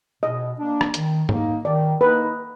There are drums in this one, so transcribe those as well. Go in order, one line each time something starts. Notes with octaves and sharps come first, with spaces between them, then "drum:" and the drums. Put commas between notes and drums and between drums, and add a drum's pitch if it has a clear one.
B2 D#5
A#3 D4
drum: rim click
D#3, drum: hi-hat
A#3 D#4, drum: tom G#2
D#3 D5
A#3 D#4 B4